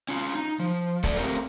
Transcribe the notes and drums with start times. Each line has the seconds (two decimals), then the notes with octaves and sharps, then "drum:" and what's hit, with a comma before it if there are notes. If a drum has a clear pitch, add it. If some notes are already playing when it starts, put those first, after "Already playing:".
0.09 C#4 F4
0.35 D#4
0.60 F3
1.04 A3 A4 D5, drum: kick, hi-hat
1.18 A3 C4 F4 G4 A#4